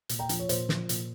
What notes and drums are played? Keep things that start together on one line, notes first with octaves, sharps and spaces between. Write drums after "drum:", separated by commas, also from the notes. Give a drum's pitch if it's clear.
A#2, drum: hi-hat
G5 A#5
F3, drum: hi-hat
C#5
A#2 C5, drum: hi-hat
F3, drum: snare
A#2, drum: hi-hat